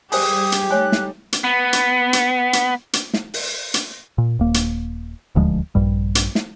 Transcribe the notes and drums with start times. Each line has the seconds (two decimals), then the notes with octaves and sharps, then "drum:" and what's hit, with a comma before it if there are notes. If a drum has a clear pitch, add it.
0.12 G3 G4 G#4 C5 G5 G#5 D#6, drum: open hi-hat
0.52 drum: hi-hat
0.71 G3 A3 D#4 C#5 G#5 F#6
0.92 drum: snare
1.33 drum: hi-hat
1.44 B3
1.73 drum: hi-hat
2.13 drum: hi-hat
2.53 drum: hi-hat
2.93 drum: hi-hat
3.14 drum: snare
3.34 drum: open hi-hat
3.74 drum: hi-hat
4.18 A#2
4.39 D#1 A#3
4.54 drum: hi-hat
5.35 D#1 D2 F3 G#3
5.75 A#1 G2 G3
6.15 drum: hi-hat
6.35 drum: snare